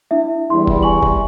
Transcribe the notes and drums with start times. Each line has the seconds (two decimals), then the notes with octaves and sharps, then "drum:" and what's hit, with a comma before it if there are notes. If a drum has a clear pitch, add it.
0.11 D4 E4 E5
0.50 E2 G3 E4 C6
0.67 drum: kick E1
0.83 G#5 C#6 F#7
1.03 drum: kick E1